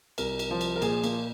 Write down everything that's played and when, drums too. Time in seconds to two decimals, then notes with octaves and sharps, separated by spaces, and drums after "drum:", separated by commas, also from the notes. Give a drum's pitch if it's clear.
0.18 C2 A#4, drum: cymbal
0.39 drum: cymbal
0.51 F3
0.61 drum: cymbal
0.76 A#4
0.82 A#2 G#4, drum: cymbal
1.04 A#3, drum: cymbal